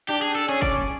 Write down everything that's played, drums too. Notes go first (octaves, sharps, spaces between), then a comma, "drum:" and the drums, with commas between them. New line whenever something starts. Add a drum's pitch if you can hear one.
D4 G4
G#4
A4
C#4 G#4
D5, drum: kick